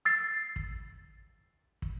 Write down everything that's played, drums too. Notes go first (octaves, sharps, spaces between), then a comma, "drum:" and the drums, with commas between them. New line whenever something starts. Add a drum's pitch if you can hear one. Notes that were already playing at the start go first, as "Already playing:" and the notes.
E6 A6 C7
drum: kick
drum: kick